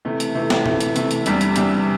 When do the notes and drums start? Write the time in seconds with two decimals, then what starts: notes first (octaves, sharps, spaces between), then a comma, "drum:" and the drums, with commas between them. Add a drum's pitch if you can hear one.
0.05 C3 E3 A3
0.20 drum: hi-hat
0.35 C3 E3 A3
0.50 drum: snare
0.66 C3 E3 A3, drum: tom
0.80 drum: hi-hat
0.96 C3 E3 A3, drum: hi-hat
1.11 drum: hi-hat
1.26 E2 C3 G3 D4, drum: hi-hat
1.41 drum: hi-hat
1.56 E2 C3 G3 D4, drum: hi-hat